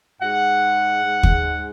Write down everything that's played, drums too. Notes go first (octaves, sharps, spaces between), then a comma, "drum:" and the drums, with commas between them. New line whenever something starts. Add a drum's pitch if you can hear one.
G#2 G#3 F#5
G#2 G#3
drum: kick